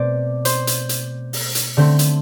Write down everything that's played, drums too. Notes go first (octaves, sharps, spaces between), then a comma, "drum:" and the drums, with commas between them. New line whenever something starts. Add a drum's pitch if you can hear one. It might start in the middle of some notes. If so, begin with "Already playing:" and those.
Already playing: B2 A3 C4 C5 D5
C5, drum: hi-hat
drum: hi-hat
drum: hi-hat
drum: open hi-hat
drum: hi-hat
D3 A3 C4
drum: hi-hat